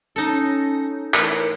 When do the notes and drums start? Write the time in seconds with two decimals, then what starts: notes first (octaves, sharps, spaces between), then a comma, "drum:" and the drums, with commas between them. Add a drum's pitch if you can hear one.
0.16 C#4 D#4 A4
1.14 A2 E3 A#4, drum: clap